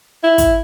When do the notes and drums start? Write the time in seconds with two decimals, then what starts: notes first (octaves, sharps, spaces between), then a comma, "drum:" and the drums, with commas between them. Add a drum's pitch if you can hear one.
0.24 E4
0.38 drum: kick, hi-hat